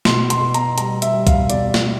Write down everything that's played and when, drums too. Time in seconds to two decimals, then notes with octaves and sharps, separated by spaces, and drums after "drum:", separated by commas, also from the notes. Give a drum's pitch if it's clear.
0.05 B2 C6, drum: snare
0.30 C6, drum: hi-hat
0.42 B2
0.54 A#5, drum: hi-hat
0.78 G3 A#5, drum: hi-hat
1.02 E5, drum: hi-hat
1.14 G3
1.27 F5, drum: kick, hi-hat
1.50 B2 D5, drum: hi-hat
1.74 drum: snare